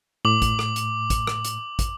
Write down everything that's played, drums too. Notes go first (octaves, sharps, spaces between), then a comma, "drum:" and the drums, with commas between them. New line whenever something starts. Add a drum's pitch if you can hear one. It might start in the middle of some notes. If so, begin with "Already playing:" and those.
A2 D6 F#7
drum: kick, hi-hat
drum: rim click
drum: hi-hat
drum: kick, hi-hat
drum: rim click
drum: hi-hat
drum: kick, hi-hat